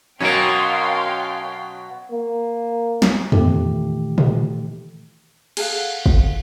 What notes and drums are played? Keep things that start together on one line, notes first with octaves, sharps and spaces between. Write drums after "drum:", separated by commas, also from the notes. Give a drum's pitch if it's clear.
B2 F#3 C#4 A#4 F5 G5 C6
A#3
drum: snare
A#2 D#3 E3 A3 G4 A4, drum: tom E2
drum: tom A#2
G#4 A4 F5 F#5, drum: cymbal
drum: kick